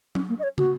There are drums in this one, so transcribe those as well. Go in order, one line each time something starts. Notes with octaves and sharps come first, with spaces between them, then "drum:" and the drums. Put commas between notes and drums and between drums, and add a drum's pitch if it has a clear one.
C#4, drum: tom
A#3
D#5
C#5
F#4, drum: tom